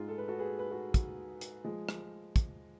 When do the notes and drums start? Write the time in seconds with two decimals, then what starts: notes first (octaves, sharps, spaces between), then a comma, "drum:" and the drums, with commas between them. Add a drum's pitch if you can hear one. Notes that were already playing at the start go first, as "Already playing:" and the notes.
Already playing: G#2 G#3 F4
0.08 A4
0.18 B4
0.28 F#4 A4
0.39 G#4 B4
0.59 B4
0.71 F#4 A4
0.94 drum: kick, hi-hat
1.41 drum: hi-hat
1.65 F3 G#3
1.89 drum: rim click
2.36 drum: kick, hi-hat